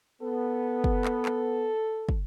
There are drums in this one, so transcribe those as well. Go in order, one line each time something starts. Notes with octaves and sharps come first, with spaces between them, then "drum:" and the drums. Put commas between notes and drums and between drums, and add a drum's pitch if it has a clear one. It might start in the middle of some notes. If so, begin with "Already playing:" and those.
B3 A4
drum: kick
drum: clap
drum: clap
drum: kick